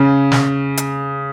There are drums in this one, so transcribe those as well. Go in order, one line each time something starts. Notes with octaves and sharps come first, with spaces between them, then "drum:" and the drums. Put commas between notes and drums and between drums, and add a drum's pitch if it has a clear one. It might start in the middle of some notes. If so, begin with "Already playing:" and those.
Already playing: C#3
drum: snare
drum: hi-hat